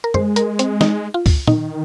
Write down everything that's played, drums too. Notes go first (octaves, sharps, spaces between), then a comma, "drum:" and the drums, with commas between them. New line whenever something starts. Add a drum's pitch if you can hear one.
A#4
G#3 C5, drum: tom
A#4, drum: hi-hat
C4, drum: hi-hat
D#4, drum: snare
F4
drum: kick, open hi-hat
D#3 D#4, drum: tom